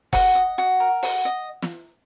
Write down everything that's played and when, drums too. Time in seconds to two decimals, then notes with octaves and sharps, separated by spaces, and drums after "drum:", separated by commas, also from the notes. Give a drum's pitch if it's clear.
0.13 F#4 F#5, drum: kick F#1, open hi-hat
0.35 D#5
0.58 F#4
0.80 A#4
1.03 F#4, drum: open hi-hat
1.25 D#5
1.63 drum: snare